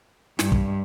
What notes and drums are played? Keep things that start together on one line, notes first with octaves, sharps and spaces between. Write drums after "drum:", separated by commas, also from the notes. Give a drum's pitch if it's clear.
G2, drum: snare
drum: kick